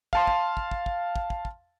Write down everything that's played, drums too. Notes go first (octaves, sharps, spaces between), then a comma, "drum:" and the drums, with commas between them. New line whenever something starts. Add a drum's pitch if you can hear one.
F5 A5 C6, drum: kick
drum: kick
drum: kick
drum: kick
drum: kick
drum: kick
drum: kick
drum: kick